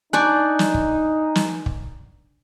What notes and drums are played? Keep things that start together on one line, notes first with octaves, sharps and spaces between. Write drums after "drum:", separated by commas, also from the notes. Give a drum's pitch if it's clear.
D4 D#4 D5 G#5 C#6 F#6 G6
drum: snare
drum: kick
drum: snare
drum: kick